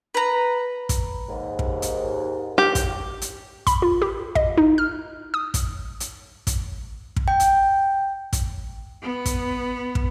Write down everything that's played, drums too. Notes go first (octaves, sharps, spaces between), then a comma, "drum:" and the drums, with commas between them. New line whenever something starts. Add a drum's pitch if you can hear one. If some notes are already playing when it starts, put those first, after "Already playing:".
B4 A#5
drum: kick, hi-hat
D#2 G#2
drum: kick
drum: hi-hat
G4
drum: kick, hi-hat
drum: hi-hat
B5, drum: kick, hi-hat
F4
G4
D#5, drum: kick
D#4
F6
D#6
drum: kick, hi-hat
drum: hi-hat
drum: kick, hi-hat
drum: kick
G5
drum: hi-hat
drum: kick, hi-hat
B3
drum: kick, hi-hat
drum: kick